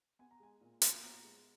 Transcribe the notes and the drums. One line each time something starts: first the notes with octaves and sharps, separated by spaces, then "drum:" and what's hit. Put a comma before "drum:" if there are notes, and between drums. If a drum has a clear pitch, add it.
B3 G#5
A#5
G#3 G#5
A#2
A#2, drum: hi-hat
B3 A#5
G#3